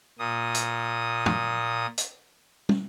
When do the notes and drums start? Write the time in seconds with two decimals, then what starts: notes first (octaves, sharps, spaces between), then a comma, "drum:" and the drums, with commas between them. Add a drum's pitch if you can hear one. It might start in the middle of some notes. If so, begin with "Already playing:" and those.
0.19 A#2 D#6
0.54 drum: hi-hat
1.26 drum: tom
1.98 drum: hi-hat
2.69 drum: tom